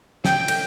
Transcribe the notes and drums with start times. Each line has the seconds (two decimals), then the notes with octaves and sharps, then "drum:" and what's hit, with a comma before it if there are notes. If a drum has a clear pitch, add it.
0.25 G5, drum: snare
0.48 drum: cymbal